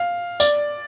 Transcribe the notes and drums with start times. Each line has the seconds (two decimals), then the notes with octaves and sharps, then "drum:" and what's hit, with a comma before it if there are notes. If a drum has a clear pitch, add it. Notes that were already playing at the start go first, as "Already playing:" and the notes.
Already playing: F5
0.40 D5, drum: tambourine